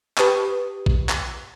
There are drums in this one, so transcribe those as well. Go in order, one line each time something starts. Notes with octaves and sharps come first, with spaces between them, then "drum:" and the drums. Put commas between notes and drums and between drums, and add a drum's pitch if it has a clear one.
G4 B4 A5 C#6 D#6, drum: clap
drum: kick A1
drum: clap